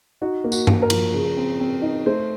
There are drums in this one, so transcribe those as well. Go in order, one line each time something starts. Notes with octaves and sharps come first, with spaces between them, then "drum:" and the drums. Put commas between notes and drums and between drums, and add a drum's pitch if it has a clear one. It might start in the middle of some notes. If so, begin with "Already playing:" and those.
D#4 F#4
A#3
F#4, drum: tambourine
A#3, drum: tom G2
A#4
F3, drum: cymbal
C#3
C4
C4
D#4
A3 C5